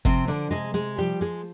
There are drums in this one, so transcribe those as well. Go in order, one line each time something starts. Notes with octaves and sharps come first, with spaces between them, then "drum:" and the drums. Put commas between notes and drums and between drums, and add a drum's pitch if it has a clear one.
C3 F3 C4, drum: kick F#1, hi-hat
D3 D4
C3 G#3 G#4
G#3 G#4
F3 G3 G4
G#3 G#4